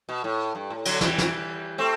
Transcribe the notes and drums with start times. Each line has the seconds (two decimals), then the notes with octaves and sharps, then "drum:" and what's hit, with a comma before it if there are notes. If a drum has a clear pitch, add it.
0.09 B2
0.24 A2
0.55 G2
0.70 A2
0.85 D3 F#3, drum: cymbal
1.01 E3 G3, drum: snare
1.18 drum: snare
1.78 A3 C4